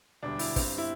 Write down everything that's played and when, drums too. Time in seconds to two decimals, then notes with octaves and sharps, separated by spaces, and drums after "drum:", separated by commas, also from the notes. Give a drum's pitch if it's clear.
0.23 E1 D2 D3 G3 D4
0.39 E4, drum: open hi-hat
0.56 G1 G2 G3 C4, drum: kick, open hi-hat
0.78 E4